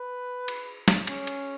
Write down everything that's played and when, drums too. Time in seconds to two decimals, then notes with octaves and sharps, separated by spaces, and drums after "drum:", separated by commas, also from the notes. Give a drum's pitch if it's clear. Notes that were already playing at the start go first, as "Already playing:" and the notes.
Already playing: B4
0.48 drum: cymbal
0.88 drum: snare
1.07 C#4, drum: cymbal
1.27 drum: cymbal